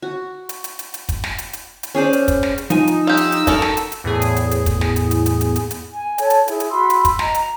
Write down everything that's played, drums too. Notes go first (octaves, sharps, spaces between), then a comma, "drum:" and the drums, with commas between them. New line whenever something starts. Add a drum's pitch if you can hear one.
F#4
drum: hi-hat
drum: hi-hat
drum: hi-hat
drum: hi-hat
drum: kick, hi-hat
drum: snare
drum: hi-hat
drum: hi-hat
drum: hi-hat
C#4 G#4 C5 D5
drum: hi-hat
drum: kick, hi-hat
drum: snare
drum: hi-hat
F3 D#4 G#5, drum: hi-hat
drum: hi-hat
F4 G4 E6
drum: hi-hat
drum: hi-hat
F#4 A4 A#4, drum: kick, hi-hat
drum: snare
drum: hi-hat
drum: hi-hat
E2 A2 G#4
drum: hi-hat
drum: hi-hat
drum: hi-hat
drum: kick, hi-hat
drum: snare
drum: hi-hat
drum: hi-hat
drum: hi-hat
drum: hi-hat
drum: hi-hat
drum: hi-hat
G#5
A4 C#5, drum: hi-hat
drum: hi-hat
E4 G#4, drum: hi-hat
drum: hi-hat
F#4 B5 C6 E6
drum: hi-hat
drum: kick, hi-hat
D#5 A#5, drum: snare
drum: hi-hat